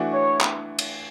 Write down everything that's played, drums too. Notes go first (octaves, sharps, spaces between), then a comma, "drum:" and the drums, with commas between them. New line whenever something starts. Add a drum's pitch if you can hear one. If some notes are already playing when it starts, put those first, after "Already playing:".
Already playing: E3 A3 D4 F#4
C#5
drum: clap
drum: cymbal